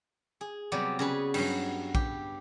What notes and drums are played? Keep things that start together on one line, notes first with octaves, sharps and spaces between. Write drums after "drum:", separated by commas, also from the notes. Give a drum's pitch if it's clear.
G#4
C3 F#3 G3 B3 D5
C#3 G#4 B4
G2 F#3, drum: cymbal
G4, drum: kick A#1